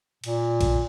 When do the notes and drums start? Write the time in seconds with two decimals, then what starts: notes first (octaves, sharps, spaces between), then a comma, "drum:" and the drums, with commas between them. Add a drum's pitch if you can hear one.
0.24 A#2, drum: cymbal
0.61 drum: kick, cymbal